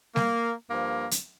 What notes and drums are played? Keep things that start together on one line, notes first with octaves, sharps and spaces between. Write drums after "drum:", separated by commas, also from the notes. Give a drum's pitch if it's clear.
A#3, drum: snare G3
G2 F3 A#3
drum: hi-hat